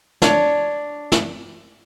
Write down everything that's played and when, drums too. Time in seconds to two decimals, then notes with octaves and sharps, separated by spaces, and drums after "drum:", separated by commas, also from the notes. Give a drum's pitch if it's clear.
0.22 D4 C#5, drum: snare
1.12 drum: snare